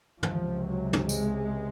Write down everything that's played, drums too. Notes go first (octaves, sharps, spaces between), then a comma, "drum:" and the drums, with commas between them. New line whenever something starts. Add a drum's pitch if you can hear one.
C#2 C3 F3, drum: tom
F#3
drum: tom
G#3, drum: tambourine